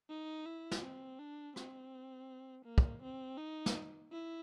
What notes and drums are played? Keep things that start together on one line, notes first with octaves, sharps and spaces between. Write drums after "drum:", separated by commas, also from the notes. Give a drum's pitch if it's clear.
D#4
E4
drum: snare
C4
D4
C4, drum: rim click
A#3
drum: kick
C4
D#4
drum: snare
E4